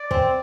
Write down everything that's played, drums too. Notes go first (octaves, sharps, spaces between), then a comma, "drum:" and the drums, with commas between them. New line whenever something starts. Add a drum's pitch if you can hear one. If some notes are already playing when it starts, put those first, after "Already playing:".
Already playing: D5
C4, drum: kick